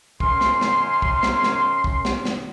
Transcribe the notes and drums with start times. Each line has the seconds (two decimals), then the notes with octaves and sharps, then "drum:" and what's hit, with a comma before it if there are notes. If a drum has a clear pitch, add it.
0.20 F#2 C#4 A#4 C6, drum: kick
0.41 drum: snare
0.61 drum: snare
1.02 drum: kick
1.23 drum: snare
1.43 drum: snare
1.84 drum: kick
2.05 drum: snare
2.25 drum: snare